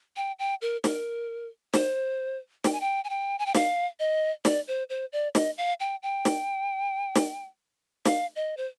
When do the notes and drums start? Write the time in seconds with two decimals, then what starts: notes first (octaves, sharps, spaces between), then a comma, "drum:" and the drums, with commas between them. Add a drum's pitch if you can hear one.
0.16 G5
0.39 G5
0.62 A#4
0.84 A#4, drum: snare
1.74 C5, drum: snare
2.64 G5, drum: snare
2.72 G#5
2.81 G5
3.04 G#5
3.10 G5
3.39 G#5
3.46 G5
3.55 F5, drum: snare
3.99 D#5
4.45 D5, drum: snare
4.68 C5
4.90 C5
5.13 D5
5.35 D#5, drum: snare
5.58 F5
5.80 G5
6.03 G5
6.25 drum: snare
7.16 drum: snare
8.05 F5, drum: snare
8.36 D#5
8.57 C5